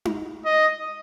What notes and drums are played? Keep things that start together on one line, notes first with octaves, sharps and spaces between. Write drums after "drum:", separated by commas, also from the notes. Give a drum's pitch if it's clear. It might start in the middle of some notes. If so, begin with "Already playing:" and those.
drum: tom D#4
D#5